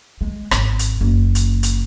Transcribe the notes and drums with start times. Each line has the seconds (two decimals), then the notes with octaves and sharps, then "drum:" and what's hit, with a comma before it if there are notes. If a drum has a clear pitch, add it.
0.21 G#3
0.51 G#1, drum: rim click
0.79 drum: hi-hat
1.01 F#1
1.35 drum: hi-hat
1.63 drum: hi-hat